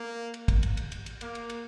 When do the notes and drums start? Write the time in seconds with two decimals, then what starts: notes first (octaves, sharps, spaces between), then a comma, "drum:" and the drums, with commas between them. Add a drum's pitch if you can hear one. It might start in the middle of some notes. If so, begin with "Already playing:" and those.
Already playing: A#3
0.34 drum: cymbal
0.48 drum: kick, cymbal
0.63 drum: cymbal
0.77 drum: cymbal
0.92 drum: cymbal
1.06 drum: cymbal
1.21 A#3, drum: cymbal
1.35 drum: cymbal
1.50 drum: cymbal